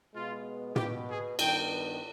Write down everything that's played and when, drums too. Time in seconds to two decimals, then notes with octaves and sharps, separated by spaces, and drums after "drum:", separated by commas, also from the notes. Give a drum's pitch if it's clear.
0.14 B2 G#3 B3 F4
0.76 B2 B3 G4, drum: tom
1.08 G#4
1.39 G2 D#3 B3 G5, drum: cymbal